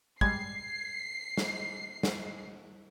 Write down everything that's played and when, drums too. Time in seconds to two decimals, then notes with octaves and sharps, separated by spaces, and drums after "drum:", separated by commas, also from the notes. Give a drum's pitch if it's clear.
0.21 G3 G#3 G#6 C7, drum: kick
1.37 drum: snare
2.03 drum: snare